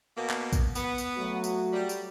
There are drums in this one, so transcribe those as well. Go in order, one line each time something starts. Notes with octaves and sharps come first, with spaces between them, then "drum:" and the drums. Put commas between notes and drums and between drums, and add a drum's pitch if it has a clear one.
B2 A#3
drum: clap
drum: kick A#1, tambourine
B3, drum: tambourine
drum: tambourine
F#3 A3 F#4
drum: tambourine
G3
drum: tambourine